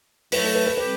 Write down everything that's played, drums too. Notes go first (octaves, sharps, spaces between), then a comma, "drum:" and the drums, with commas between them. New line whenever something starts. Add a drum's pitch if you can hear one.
A2 F#3 A3 B4, drum: open hi-hat
A4
B4
B4
G3 C4 G4 B4